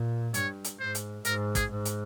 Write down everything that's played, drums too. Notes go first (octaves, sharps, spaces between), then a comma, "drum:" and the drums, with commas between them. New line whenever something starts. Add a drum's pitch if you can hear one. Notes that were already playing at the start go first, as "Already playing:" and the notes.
Already playing: A#2
G2 C#5, drum: hi-hat
drum: hi-hat
G#2 C5
drum: hi-hat
G#2 A#4, drum: hi-hat
G#4, drum: kick, hi-hat
G#2
drum: hi-hat